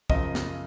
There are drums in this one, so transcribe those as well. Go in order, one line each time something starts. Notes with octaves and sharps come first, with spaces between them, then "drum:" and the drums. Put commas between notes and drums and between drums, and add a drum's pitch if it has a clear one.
F#2 C#3 F3 D#5, drum: kick
drum: snare